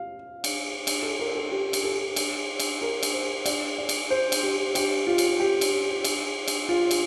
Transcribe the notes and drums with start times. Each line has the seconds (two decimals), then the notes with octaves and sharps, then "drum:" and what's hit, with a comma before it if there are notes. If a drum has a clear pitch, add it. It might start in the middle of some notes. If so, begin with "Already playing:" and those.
Already playing: F5
0.44 drum: cymbal
0.87 drum: cymbal
1.03 A4
1.20 A#4
1.35 A4
1.51 G4
1.73 drum: cymbal
1.84 A4
2.16 drum: cymbal
2.59 drum: cymbal
2.82 A#4
3.03 drum: cymbal
3.13 C5
3.46 D5, drum: cymbal
3.78 D5
3.89 drum: cymbal
4.11 C5
4.32 drum: cymbal
4.43 G4
4.75 G4, drum: cymbal
5.07 F4
5.18 drum: cymbal
5.40 G4
5.61 drum: cymbal
6.04 drum: cymbal
6.48 drum: cymbal
6.69 F4
6.91 drum: cymbal